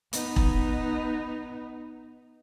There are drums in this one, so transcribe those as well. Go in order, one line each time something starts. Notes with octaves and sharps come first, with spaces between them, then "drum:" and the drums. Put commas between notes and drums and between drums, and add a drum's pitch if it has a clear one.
B3 D#4, drum: hi-hat
drum: kick E1